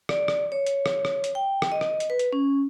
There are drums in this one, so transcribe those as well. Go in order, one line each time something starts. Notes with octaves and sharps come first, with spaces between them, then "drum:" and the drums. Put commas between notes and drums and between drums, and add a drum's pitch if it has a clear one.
D5, drum: rim click
drum: rim click
C#5
drum: hi-hat
drum: rim click
drum: rim click
drum: hi-hat
G5
drum: rim click
D#5
drum: rim click
drum: hi-hat
B4
drum: hi-hat
C#4